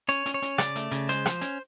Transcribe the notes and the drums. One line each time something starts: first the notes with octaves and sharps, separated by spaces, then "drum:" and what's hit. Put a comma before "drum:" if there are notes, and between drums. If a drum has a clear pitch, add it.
C#4 C#5, drum: hi-hat
C#4, drum: hi-hat
C#5
C#4, drum: hi-hat
C#3 D5, drum: rim click
A3, drum: hi-hat
C#3, drum: hi-hat
G#3 C5, drum: hi-hat
F3, drum: rim click
C#4, drum: hi-hat